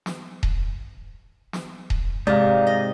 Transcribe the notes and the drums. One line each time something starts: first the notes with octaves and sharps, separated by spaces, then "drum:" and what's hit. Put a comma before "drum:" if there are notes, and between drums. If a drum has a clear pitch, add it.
drum: snare
drum: kick D#1
drum: snare
drum: kick D#1
G#2 C3 D#4 D5 F5
D#5